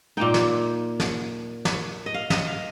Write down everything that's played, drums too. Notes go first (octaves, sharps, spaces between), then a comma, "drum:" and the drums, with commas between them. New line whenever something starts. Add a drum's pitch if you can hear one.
A#2 A#3 D#4 G5
drum: snare
drum: snare
drum: snare
D#5
F5
D#5, drum: snare
F5